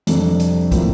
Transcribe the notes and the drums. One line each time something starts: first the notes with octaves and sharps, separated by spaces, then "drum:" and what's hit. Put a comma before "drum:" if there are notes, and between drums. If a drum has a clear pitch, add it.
F2 C3 G3 D4 A4, drum: hi-hat
drum: hi-hat
A2 F3 A#3, drum: kick, hi-hat